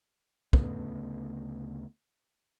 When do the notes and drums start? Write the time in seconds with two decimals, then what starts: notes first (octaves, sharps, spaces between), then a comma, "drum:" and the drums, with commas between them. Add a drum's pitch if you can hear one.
0.53 D2 C#3 A3 B3, drum: kick